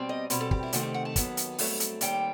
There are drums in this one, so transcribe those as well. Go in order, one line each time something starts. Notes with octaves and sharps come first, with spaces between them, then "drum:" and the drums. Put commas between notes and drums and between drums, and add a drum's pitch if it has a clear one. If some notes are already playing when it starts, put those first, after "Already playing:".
Already playing: B2 G3 C4
D#5
B2 G3 C4 B4, drum: hi-hat
A4
G4, drum: kick
E4
C3 D#3 A3 C4 F#4, drum: hi-hat
G4
F#5
A5
D#2 D#3 F#3 B3, drum: kick, hi-hat
drum: hi-hat
G2 F#3 A3 C4, drum: open hi-hat
drum: hi-hat
D#2 D#3 G3 C4 G5, drum: hi-hat